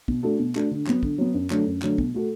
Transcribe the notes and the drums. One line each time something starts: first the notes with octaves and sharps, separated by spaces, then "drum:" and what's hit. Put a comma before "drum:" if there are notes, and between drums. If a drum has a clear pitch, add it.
B2, drum: kick
A3 D4 F#4 A4
B2
A3 D4 F#4 A4, drum: clap
D3
F#3 B3, drum: clap
D3, drum: kick
F#3 B3
F#2
D3 F#3 A3 D4, drum: clap
F#2
D3 F#3 A3 D4, drum: clap
B2, drum: kick
A3 F#4 A4